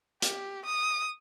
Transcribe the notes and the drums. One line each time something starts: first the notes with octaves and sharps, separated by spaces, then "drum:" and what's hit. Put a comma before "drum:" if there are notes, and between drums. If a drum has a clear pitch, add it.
G4, drum: hi-hat
D#6